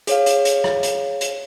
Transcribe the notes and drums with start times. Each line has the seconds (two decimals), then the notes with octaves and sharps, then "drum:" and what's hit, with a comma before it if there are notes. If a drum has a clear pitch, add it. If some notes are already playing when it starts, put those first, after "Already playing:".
0.07 G#4 C#5 F5, drum: hi-hat
0.26 drum: hi-hat
0.45 drum: hi-hat
0.64 drum: rim click
0.83 drum: hi-hat
1.21 drum: hi-hat